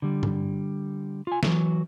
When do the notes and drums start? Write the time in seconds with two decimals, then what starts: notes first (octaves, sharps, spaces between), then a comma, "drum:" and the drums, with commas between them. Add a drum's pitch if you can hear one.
0.02 D3 G3
0.23 drum: tom G2
1.27 F4 G#5
1.43 E3 F#3, drum: snare